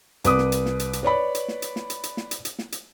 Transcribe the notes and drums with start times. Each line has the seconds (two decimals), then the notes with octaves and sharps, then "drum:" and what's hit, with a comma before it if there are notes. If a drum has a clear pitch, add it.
0.24 C2 B4 D6 D#6, drum: hi-hat
0.38 drum: snare
0.52 drum: hi-hat
0.66 drum: snare
0.80 drum: hi-hat
0.93 drum: hi-hat
1.03 B4 C#5 D5 B5
1.35 drum: hi-hat
1.48 drum: snare
1.62 drum: hi-hat
1.76 drum: snare
1.90 drum: hi-hat
2.03 drum: hi-hat
2.17 drum: snare
2.31 drum: hi-hat
2.45 drum: hi-hat
2.59 drum: snare
2.72 drum: hi-hat